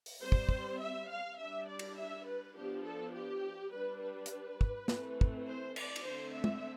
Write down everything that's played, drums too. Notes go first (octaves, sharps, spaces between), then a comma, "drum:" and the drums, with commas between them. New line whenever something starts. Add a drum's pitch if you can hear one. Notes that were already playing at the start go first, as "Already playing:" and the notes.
drum: open hi-hat
G3 C4 C5
drum: kick
drum: kick
E5
F5
G3 D4 E5
D5
drum: cymbal
E5
B4
F3 B3 D4 G4
A4
G4
G3 D4 B4
B4
drum: hi-hat
drum: kick
E3 A3 C4, drum: snare
drum: kick
C5
D5, drum: cymbal
drum: cymbal
D3 A3 C4 C5
E5
drum: tom G#3